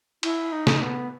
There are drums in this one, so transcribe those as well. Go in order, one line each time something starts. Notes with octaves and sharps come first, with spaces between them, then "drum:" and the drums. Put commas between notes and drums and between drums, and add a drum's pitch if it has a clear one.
E4, drum: cymbal
D#4
drum: snare
B3